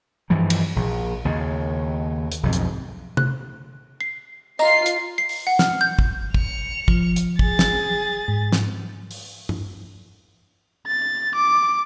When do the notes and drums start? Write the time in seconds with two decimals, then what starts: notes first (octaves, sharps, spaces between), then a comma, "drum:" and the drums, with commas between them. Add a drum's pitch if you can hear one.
0.30 G2 E3 F3 G3
0.50 drum: cymbal
0.76 A#1
1.25 D#2 C#3
2.32 drum: hi-hat
2.43 B1 F2 G#2
2.53 drum: hi-hat
3.17 F#6, drum: tom
4.01 C7
4.59 F4 D#5 A#5 C7, drum: tambourine
4.86 drum: hi-hat
5.18 C7
5.29 drum: open hi-hat
5.47 F#5
5.59 F6, drum: snare
5.81 G6
5.99 drum: kick
6.34 C#7 F7, drum: kick
6.88 F3, drum: kick
7.16 drum: hi-hat
7.39 G#4 A6, drum: kick
7.59 drum: snare
8.28 G#2
8.52 drum: snare
9.11 drum: open hi-hat
9.49 drum: tom G2
10.88 A6
11.35 D6